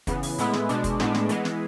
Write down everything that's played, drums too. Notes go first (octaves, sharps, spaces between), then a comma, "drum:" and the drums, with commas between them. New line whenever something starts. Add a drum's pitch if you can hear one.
C#3 E3 B3, drum: kick, hi-hat
drum: open hi-hat
A2 G#3 B3 E4, drum: hi-hat
drum: snare
B2 G#3 D4, drum: hi-hat
drum: kick, hi-hat
A2 G#3 B3 D4, drum: snare
drum: snare
E3 G#3 B3, drum: hi-hat
drum: snare